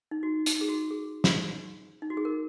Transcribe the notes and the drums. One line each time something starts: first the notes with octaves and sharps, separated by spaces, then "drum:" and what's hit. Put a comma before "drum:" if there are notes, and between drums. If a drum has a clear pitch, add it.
D#4
F#4
D#4, drum: hi-hat
G#4
F#4
G#4
drum: snare
D#4
F#4
G#4
A#4